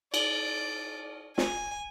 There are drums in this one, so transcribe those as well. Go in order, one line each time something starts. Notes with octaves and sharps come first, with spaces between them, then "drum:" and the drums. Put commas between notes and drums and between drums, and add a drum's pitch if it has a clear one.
D5, drum: cymbal
G#5, drum: snare